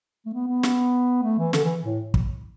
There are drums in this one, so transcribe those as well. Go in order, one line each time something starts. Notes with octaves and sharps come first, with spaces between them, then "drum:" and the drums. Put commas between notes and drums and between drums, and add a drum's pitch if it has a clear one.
A3
B3
B3
drum: snare
A3
E3
D3, drum: snare
E3
A2
drum: kick